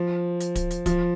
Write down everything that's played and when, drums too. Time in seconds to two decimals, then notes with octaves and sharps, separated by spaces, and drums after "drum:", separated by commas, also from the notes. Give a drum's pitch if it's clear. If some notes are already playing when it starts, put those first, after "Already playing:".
Already playing: F3
0.40 drum: hi-hat
0.55 drum: kick, hi-hat
0.71 drum: hi-hat
0.86 F3, drum: kick, hi-hat